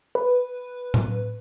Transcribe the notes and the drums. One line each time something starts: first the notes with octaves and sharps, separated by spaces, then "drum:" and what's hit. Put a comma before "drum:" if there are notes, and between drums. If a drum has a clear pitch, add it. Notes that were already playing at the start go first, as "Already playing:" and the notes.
B4
drum: tom A2